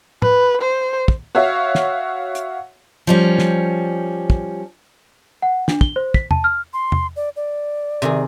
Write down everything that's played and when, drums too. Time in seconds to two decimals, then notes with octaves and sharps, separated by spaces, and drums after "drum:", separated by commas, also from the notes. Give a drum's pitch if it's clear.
0.22 B4, drum: tom A2
0.62 C5
1.08 drum: kick
1.35 F#4 C#5 E5 F5
1.75 drum: snare
2.35 drum: hi-hat
3.07 F3 G3 C#4
3.39 drum: snare
4.30 drum: kick
5.42 F#5
5.68 D4, drum: snare
5.81 G7, drum: kick
5.96 C5
6.14 B6, drum: kick
6.31 A5, drum: tom E2
6.44 F6
6.73 C6
6.92 drum: tom E2
7.16 D5
7.36 D5
8.02 C3 D#3 G#4